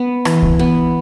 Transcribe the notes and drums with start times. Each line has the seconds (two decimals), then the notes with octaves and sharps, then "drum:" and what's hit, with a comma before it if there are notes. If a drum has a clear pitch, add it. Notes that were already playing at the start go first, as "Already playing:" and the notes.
Already playing: B3
0.25 E3, drum: rim click
0.42 drum: kick C2
0.59 B3